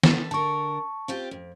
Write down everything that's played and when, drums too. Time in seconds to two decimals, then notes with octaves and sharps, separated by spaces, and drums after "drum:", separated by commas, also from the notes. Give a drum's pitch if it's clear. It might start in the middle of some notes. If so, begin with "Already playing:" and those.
0.03 A4 B4, drum: snare
0.31 D3 A#4 A5 C#6
1.08 C4 F4 G4
1.31 F2